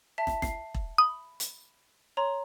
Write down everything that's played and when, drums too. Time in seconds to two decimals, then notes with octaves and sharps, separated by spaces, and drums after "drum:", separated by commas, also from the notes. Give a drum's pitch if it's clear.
0.18 E5 A5 B6
0.27 drum: snare
0.42 C7, drum: snare
0.74 drum: kick E1
0.98 B5 D#6
1.40 drum: hi-hat
2.17 C#5 A#5 C6